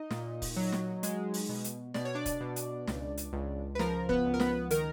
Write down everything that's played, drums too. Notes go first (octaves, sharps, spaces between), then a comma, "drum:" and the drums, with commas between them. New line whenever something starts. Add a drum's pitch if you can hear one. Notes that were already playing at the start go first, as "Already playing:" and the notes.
Already playing: D#4 D#5
A#2, drum: snare
drum: kick, open hi-hat
F#3
drum: snare
G#3, drum: hi-hat
drum: open hi-hat
B2
drum: hi-hat
B2 D5, drum: snare
C#5
D4 D5
drum: kick, hi-hat
B2
drum: hi-hat
C#2, drum: snare
drum: hi-hat
C#2
B4
F3 A#4, drum: snare
B3 B4, drum: kick
C#2
A#4
B3 B4, drum: snare
D#3 A#4, drum: hi-hat